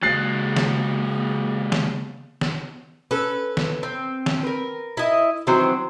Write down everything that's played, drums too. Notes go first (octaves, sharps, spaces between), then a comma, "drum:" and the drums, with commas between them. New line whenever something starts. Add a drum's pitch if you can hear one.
C#3 F#3 G#3 A#3 F#6 A6 C7
drum: snare
drum: snare
drum: snare
C#4 A4 B4
drum: snare
C4
drum: snare
A#4 B4
E4 D#5
D#3 E3 F#3 C4 C5